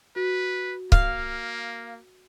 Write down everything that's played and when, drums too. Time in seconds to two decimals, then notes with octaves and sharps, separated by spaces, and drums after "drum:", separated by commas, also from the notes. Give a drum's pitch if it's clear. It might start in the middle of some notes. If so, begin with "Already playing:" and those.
0.16 F#4 B4
0.92 A#3 F5, drum: kick C#1